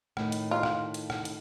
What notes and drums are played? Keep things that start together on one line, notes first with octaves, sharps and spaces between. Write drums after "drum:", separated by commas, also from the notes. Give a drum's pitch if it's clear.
A2 D#3, drum: rim click
drum: hi-hat
F4
drum: rim click
drum: hi-hat
drum: rim click
drum: hi-hat